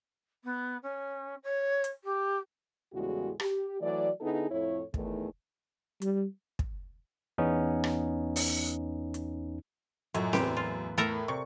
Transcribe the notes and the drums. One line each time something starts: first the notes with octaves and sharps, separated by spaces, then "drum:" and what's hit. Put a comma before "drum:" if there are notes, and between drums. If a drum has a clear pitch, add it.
B3
C#4
C#5
drum: hi-hat
G4
E2 A2 C#3 G3 G#3 F#4
G4, drum: rim click
E3 F#3 A3 D5
D3 B3 D#4 E4 G#4 A4
F2 A2 E4 C#5
E2 D#3 A3, drum: kick
G3, drum: hi-hat
drum: kick
E2 B3 C#4 D#4
drum: rim click
drum: open hi-hat
drum: hi-hat
F#2 A2 F4 D#5 C#6, drum: hi-hat
E2 G4 B4 C6, drum: snare C4
F4
A2 A4 A#4 A#5
C3 D5 C#6